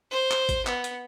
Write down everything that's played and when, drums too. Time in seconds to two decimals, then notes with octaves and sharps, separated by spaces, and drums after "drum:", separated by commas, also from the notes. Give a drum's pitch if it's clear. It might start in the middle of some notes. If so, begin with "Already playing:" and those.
0.11 C5
0.31 drum: clap
0.49 drum: kick, hi-hat
0.66 B3, drum: clap
0.84 drum: hi-hat